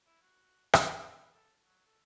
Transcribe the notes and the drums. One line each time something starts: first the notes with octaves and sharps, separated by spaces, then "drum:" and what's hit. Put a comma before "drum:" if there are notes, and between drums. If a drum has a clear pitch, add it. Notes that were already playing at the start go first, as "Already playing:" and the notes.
E4
F#4
drum: rim click
E4
B4
A4
F#3
A4